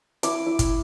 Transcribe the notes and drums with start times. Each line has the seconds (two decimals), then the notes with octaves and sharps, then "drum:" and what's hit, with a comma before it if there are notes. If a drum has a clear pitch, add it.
0.23 E4 D6, drum: hi-hat
0.46 E4
0.59 drum: kick G1, hi-hat